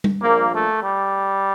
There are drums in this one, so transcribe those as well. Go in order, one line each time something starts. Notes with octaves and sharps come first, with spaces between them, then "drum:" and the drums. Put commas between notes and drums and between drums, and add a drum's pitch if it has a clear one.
drum: tom G3
A#1 A#2 A#3
A3
G3